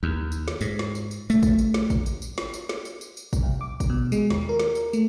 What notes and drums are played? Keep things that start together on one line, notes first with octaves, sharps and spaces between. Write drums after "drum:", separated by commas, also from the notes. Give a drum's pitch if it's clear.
D#2
drum: tambourine
drum: snare
G#2, drum: tambourine
drum: snare
drum: tambourine
drum: tambourine
A3, drum: tambourine
drum: kick, tambourine
drum: tambourine
drum: snare
drum: kick, tambourine
drum: tambourine
drum: tambourine
drum: snare
drum: tambourine
drum: snare
drum: tambourine
drum: tambourine
drum: tambourine
drum: kick, tambourine
C2
D6
drum: kick, tambourine
B2
G#3, drum: tambourine
D#2, drum: snare
A#4
drum: snare
drum: tambourine
A3, drum: tambourine